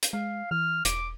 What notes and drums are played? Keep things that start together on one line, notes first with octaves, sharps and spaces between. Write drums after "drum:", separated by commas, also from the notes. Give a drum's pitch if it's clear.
drum: hi-hat
G#3 F5
E3 F6
E1 D6, drum: hi-hat